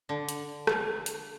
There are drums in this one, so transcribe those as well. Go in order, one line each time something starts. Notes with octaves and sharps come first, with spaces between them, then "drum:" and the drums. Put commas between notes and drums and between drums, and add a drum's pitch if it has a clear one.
D3
drum: hi-hat
drum: rim click
drum: hi-hat